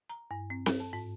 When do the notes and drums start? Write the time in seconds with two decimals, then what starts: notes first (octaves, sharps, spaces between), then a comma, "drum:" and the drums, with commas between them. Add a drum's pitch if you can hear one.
0.10 A#5
0.31 G2
0.50 C4
0.66 A4, drum: snare C4
0.80 A5
0.93 G#2